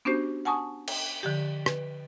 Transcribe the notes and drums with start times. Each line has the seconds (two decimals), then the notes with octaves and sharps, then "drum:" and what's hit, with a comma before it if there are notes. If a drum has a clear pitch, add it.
0.05 B3 C#4 D4 F#4 G4 C5
0.45 F#5 G#5 A5 C#6 D#6
0.87 drum: cymbal
1.23 D3 F3 G4
1.66 B4, drum: rim click